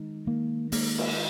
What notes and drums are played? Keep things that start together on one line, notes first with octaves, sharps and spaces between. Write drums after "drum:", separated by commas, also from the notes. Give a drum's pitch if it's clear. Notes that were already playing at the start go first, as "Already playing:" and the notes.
Already playing: D#3 G#3 D#4
D#3 A#3
G#3 A#3 D#4, drum: open hi-hat
drum: cymbal